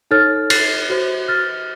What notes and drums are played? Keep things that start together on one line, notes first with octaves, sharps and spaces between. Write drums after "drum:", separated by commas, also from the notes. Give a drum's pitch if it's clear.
D#4 A4 C#5 F6 A6
A6 C7, drum: cymbal
F#4 C5
F6 A6